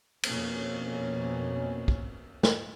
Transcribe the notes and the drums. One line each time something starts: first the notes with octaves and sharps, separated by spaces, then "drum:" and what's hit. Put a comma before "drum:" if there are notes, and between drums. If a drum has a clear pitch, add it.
F2 B2 A#3 C#4, drum: cymbal
drum: kick
drum: snare